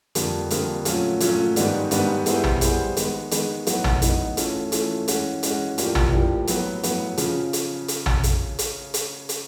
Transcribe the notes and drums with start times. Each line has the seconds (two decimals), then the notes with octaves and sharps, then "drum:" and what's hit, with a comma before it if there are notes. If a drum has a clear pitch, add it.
0.15 F2 D3 G3 A#3, drum: hi-hat
0.50 F2 D3 G3 A#3, drum: hi-hat
0.85 A#2 F#3 A3 C#4 F4, drum: hi-hat
1.20 A#2 F#3 A3 C#4 F4, drum: hi-hat
1.56 G#2 D#3 G3 B3 D4, drum: hi-hat
1.91 G#2 D#3 G3 B3 D4, drum: hi-hat
2.26 G3 B3 E4 G#4 C5, drum: hi-hat
2.44 drum: tom
2.61 G3 B3 E4 G#4 C5, drum: hi-hat
2.97 D#3 G#3 B3, drum: hi-hat
3.31 D#3 G#3 B3, drum: hi-hat
3.67 A2 F#3 B3 D#4 F#4, drum: hi-hat
3.84 drum: tom
4.02 A2 F#3 B3 D#4 F#4, drum: hi-hat
4.37 E3 A3 C#4 F4 A4, drum: hi-hat
4.72 E3 A3 C#4 F4 A4, drum: hi-hat
5.08 E3 G#3 C#4 F#4, drum: hi-hat
5.43 E3 G#3 C#4 F#4, drum: hi-hat
5.78 A2 F3 A#3 D4 G4, drum: hi-hat
5.95 drum: tom
6.12 A2 F3 A#3 D4 G4
6.47 A2 F#3 B3, drum: hi-hat
6.83 A2 F#3 B3, drum: hi-hat
7.17 C#3 F3, drum: hi-hat
7.53 drum: hi-hat
7.88 drum: hi-hat
8.06 drum: tom
8.23 drum: hi-hat
8.59 drum: hi-hat
8.94 drum: hi-hat
9.29 drum: hi-hat